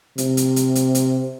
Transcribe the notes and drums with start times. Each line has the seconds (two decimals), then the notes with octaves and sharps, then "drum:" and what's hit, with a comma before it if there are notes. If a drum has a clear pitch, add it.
0.18 C3, drum: hi-hat
0.37 drum: hi-hat
0.56 drum: hi-hat
0.75 drum: hi-hat
0.95 drum: hi-hat